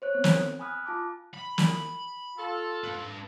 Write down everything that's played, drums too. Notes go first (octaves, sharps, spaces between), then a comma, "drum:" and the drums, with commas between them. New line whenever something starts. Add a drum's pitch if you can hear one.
C5 C#5 F#6
B3 C4
drum: snare
G#5 B5 D#6 F6 F#6
F4 A5 D6
B5
drum: snare
F4 A4
D4 B4